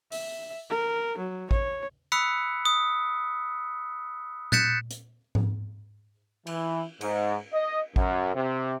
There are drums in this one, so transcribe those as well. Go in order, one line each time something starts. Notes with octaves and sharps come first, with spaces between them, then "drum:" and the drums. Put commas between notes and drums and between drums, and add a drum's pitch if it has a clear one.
E5, drum: open hi-hat
A#4
F#3
C#5, drum: kick
B5 D#6 E6 F#6 B6 C#7
D#6
F#6 G6 A6 B6 C#7 E7, drum: tom A#2
drum: hi-hat
drum: tom G#2
E3, drum: cymbal
G#2, drum: cymbal
D#5
F#2, drum: kick
C3